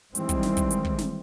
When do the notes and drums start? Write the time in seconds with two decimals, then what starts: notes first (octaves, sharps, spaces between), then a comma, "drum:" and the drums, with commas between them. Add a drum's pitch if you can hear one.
0.15 D#3 E3 G3 G#3 C4, drum: hi-hat
0.29 drum: kick, hi-hat
0.43 drum: snare
0.57 drum: kick, hi-hat
0.71 drum: hi-hat
0.85 drum: kick
0.98 drum: snare